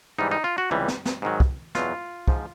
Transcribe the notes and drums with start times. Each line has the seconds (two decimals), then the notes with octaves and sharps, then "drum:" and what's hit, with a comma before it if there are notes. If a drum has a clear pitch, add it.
0.18 G#2 E3 G3 D#4
0.31 D#4
0.44 F4
0.58 F#4
0.71 C#2 C3 E3 G3
0.88 drum: snare
1.05 drum: snare
1.22 G#2 D#3 F#3
1.40 drum: kick
1.75 E2 B2 F#3 F4, drum: snare
2.28 G#2 F3, drum: kick